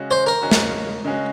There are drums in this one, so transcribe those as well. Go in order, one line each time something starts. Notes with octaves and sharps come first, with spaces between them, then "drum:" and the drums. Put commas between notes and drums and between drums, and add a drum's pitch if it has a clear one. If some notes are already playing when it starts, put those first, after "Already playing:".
Already playing: C#3 G#3 C#4 F#4
C5
A#4
C#3 G#3 C#4 F#4
drum: snare
C#3 G#3 C#4 F#4